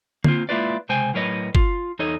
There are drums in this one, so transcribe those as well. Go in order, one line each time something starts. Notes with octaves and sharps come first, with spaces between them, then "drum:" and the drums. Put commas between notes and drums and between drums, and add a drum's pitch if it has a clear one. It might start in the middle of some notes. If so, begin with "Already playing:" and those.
A#3 C4 F4, drum: tom D3
G#3 A#3 E4 F4 B4 D5
C#2 C3 G#3 C5 G5 G#5
A2 F#3 A#4 B4 C#5 D#5
F4, drum: kick
E2 D#4 A4 C#5 D#5